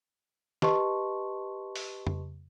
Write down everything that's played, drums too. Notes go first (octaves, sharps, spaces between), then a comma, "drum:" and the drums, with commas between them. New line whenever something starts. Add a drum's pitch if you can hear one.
G4 B4 D#5 A5 C6 C#6, drum: snare
drum: open hi-hat
drum: tom F2